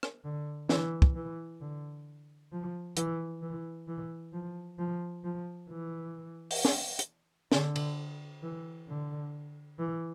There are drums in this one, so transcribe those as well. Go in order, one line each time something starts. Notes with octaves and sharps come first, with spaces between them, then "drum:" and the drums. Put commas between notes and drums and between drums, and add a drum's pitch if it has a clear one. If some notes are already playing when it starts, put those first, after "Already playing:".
drum: rim click
D3
E3, drum: snare
drum: kick
E3
D3
F3
E3, drum: hi-hat
E3
E3
F3
F3
F3
E3
drum: open hi-hat
drum: snare
drum: hi-hat
D3, drum: snare
drum: cymbal
E3
D3
E3